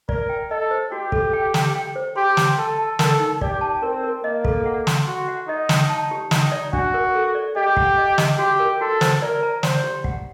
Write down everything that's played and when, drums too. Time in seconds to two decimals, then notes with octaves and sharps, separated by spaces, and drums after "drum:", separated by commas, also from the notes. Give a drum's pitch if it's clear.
0.09 A#4 D5, drum: kick
0.29 G5
0.50 A4 D#5
0.71 C5
0.92 F#4 G4
1.12 A4, drum: kick
1.33 G5
1.54 G5, drum: snare
1.76 G5
1.96 C5
2.16 G4 C6
2.37 C6, drum: snare
2.58 A4 A5
2.78 A5
2.99 A4 A#4, drum: snare
3.20 D#4
3.41 G4 D5, drum: kick
3.61 A5
3.82 C4 A#4
4.03 A#4
4.23 A#3 D#5
4.45 A4, drum: kick
4.66 F#5
4.87 C6, drum: snare
5.07 F#4 C6
5.28 F#5
5.48 D#4 D#5
5.69 G5, drum: snare
5.89 A5
6.11 G4
6.31 D#4 G5, drum: snare
6.52 D5
6.73 D4 F#4, drum: kick
6.94 A#4
7.15 A4
7.35 D5
7.56 G4 D#5
7.77 F#5, drum: kick
7.98 D#5
8.18 D#5, drum: snare
8.39 F#4 G4
8.60 A#4
8.81 F#4 A4
9.01 C5, drum: snare
9.22 A#4 D5
9.43 A#5
9.63 C5 D5, drum: snare
9.84 G4
10.04 F#5, drum: kick